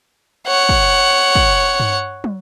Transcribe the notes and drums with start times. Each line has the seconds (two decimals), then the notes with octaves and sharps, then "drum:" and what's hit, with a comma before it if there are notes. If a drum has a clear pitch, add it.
0.47 C#5 F#5
0.69 drum: kick
1.35 drum: kick
1.80 drum: tom G2
2.24 drum: tom